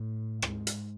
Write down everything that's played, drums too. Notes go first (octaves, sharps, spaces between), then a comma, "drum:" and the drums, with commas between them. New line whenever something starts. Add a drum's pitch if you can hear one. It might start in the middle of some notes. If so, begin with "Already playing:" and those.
Already playing: A2
G#2, drum: rim click
drum: hi-hat